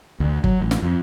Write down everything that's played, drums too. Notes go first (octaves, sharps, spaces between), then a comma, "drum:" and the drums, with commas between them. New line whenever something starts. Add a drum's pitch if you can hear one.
D2
F#3, drum: kick G1
A1
drum: snare
F2